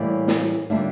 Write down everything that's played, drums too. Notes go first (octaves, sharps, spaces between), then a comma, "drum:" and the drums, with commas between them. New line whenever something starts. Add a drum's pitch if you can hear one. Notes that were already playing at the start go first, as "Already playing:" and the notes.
Already playing: A2 E3 G3 A#3 D5
drum: snare
D3 G3 A#3 D4 F4 E5